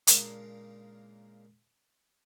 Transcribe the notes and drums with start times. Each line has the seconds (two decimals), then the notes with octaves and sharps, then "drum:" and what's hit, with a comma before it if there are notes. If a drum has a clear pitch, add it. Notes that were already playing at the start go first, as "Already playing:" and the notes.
0.07 A#2 C#3 G#3 A#3 D4 D#4, drum: hi-hat